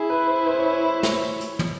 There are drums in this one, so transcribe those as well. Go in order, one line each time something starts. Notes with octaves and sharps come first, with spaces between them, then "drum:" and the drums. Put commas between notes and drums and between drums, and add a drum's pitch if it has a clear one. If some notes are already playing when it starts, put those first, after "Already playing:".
Already playing: E4 G#4
B4
C5
C5
C#5
C5
C#5, drum: snare
drum: hi-hat
drum: tom